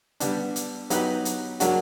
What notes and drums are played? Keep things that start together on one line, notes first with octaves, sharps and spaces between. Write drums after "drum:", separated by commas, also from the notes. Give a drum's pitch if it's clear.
D3 G3 B3 D4, drum: hi-hat
drum: hi-hat
F#3 B3 D#4 G4 B4, drum: hi-hat
drum: hi-hat
F#3 A#3 D4 F#4, drum: hi-hat